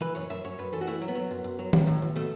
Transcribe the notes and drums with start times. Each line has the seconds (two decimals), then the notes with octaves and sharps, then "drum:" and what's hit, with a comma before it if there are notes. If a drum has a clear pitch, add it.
0.01 E3 B4
0.15 F#2 C#5
0.30 F#2 E5
0.44 F#2 C#5
0.59 F#2 B4
0.72 E3 A4
0.81 F#4
0.87 A3 E4
1.01 F#3
1.08 B3
1.15 F#3
1.31 F#2
1.44 F#2
1.59 F#3
1.73 F#3, drum: tom D#3
1.87 A2
2.02 B1
2.15 B2 A3